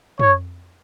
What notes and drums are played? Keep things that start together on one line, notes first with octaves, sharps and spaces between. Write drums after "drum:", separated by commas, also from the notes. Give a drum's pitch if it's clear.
C#5, drum: tom